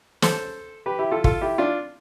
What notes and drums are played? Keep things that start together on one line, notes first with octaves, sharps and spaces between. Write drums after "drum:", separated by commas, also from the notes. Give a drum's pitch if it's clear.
A4 C5, drum: snare
G4 B4
E4 G4
F4 A4
F4 A4, drum: kick
E4 G4
D4 F4